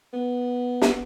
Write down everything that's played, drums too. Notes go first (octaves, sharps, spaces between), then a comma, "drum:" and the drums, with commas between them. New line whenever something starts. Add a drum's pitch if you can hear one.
B3
drum: snare